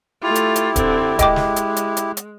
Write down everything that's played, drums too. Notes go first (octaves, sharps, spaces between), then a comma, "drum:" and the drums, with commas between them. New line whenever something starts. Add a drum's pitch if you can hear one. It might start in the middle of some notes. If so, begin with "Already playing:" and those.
A3 E4 F4 G4
drum: hi-hat
drum: hi-hat
D3 C4, drum: kick D1, hi-hat
G#3 D#5 G5 D6, drum: kick D1, hi-hat
drum: snare
drum: hi-hat
drum: hi-hat
drum: hi-hat
drum: hi-hat